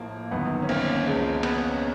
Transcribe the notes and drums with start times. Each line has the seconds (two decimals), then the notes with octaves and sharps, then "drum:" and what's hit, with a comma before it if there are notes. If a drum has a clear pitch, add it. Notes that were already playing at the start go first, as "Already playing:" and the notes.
Already playing: A#1 A2 F3 A#3
0.31 G1 F#2 D#3 B3
0.62 C#4
0.69 A#3 C4, drum: cymbal
1.07 C#2 C#3 F3 G#3
1.43 B3 C#4, drum: cymbal